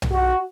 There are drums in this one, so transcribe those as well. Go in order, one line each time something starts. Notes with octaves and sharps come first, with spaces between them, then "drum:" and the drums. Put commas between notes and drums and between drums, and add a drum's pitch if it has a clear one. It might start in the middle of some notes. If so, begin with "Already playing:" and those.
drum: tom B1
F#4